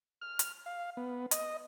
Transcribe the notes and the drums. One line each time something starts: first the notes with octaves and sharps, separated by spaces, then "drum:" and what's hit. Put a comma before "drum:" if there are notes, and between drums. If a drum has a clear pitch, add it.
F6
drum: hi-hat
F5
B3
D#5, drum: hi-hat